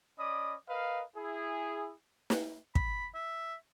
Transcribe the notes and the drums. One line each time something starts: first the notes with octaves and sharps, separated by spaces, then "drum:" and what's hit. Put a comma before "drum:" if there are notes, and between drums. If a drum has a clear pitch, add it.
C#4 D5 D#5 B5 D6 D#6
A#4 B4 D#5 F5
E4 G#4
drum: snare
B5, drum: kick
E5